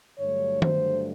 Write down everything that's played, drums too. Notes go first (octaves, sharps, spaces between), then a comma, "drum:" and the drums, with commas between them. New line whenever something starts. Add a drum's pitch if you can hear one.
G2 D3 F#3 A3 C#5
C5, drum: tom D#3